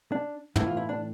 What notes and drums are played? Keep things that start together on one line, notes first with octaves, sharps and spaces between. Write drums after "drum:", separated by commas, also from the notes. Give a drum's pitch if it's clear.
D4
A2 E3 A3 E4, drum: tom
F4
E4
D4